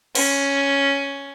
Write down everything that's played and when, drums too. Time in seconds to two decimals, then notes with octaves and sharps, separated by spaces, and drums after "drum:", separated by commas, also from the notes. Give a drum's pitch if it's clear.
0.15 C#4, drum: cymbal